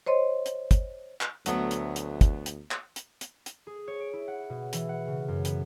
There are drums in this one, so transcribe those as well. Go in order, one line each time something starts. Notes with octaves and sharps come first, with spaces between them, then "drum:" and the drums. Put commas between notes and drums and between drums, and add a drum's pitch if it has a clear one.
C5 C#5 D#5 C6
drum: hi-hat
drum: kick, hi-hat
drum: clap
D2 F#3 A3 B3, drum: hi-hat
drum: hi-hat
drum: hi-hat
drum: kick, hi-hat
drum: hi-hat
drum: clap
drum: hi-hat
drum: hi-hat
drum: hi-hat
G#4
C#5
D7
E4
F#5
B2
E3, drum: hi-hat
F#5
C#3
F#2
B3, drum: hi-hat